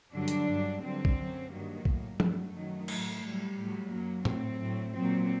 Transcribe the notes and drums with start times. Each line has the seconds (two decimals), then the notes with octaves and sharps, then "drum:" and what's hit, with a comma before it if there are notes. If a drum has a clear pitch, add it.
0.13 G2 D3 F#3 D4
0.28 drum: hi-hat
0.48 G2 F#3
0.82 G2 D3 F#3 C4
1.05 drum: kick
1.17 F#2 F#3
1.51 G2 D#3 F#3 A#3
1.85 A2 F#3, drum: kick
2.20 G2 F#3 A3, drum: tom F3
2.54 F#2 D#3 F#3
2.88 A2 F#3, drum: cymbal
3.23 A2 F#3 G3
3.57 A2 F#3
3.91 F#2 F#3 A#3
4.25 A2 F#3 C4, drum: tom A2
4.60 A2 F#3
4.94 A#2 F#3 C4